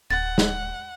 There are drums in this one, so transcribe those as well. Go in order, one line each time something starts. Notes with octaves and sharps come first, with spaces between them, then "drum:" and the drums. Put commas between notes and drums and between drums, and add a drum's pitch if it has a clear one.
D1 F#5 A6
drum: snare